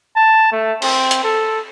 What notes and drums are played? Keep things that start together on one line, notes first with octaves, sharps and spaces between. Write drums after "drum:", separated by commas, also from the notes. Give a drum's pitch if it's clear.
A5
A3
C4, drum: cymbal
drum: hi-hat
A4